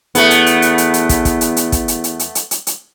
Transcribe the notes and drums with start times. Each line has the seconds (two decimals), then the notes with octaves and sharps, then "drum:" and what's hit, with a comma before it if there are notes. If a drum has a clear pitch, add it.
0.15 E2 A3 B3, drum: hi-hat
0.31 drum: hi-hat
0.46 drum: hi-hat
0.62 drum: hi-hat
0.78 drum: hi-hat
0.94 drum: hi-hat
1.09 drum: kick, hi-hat
1.25 drum: kick, hi-hat
1.41 drum: hi-hat
1.57 drum: hi-hat
1.72 drum: kick, hi-hat
1.88 drum: hi-hat
2.04 drum: hi-hat
2.19 drum: hi-hat
2.35 drum: hi-hat
2.51 drum: hi-hat
2.67 drum: hi-hat